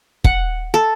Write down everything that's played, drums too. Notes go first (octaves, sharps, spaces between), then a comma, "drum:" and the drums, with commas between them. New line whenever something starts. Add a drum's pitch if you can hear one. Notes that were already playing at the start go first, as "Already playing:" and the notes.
F#5, drum: kick
A4